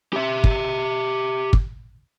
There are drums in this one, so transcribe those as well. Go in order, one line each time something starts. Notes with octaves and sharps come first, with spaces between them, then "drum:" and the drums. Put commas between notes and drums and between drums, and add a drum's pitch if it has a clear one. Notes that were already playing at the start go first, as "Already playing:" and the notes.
G4 E5
drum: kick
drum: kick